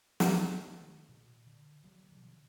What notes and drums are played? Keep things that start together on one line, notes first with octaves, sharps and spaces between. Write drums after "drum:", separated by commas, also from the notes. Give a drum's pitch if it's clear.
drum: snare
E3 A3 A#3 D4
D#3 A3 B3
A#2
D3
D1 F#3 G3 A#3
B2 D3 E3 F3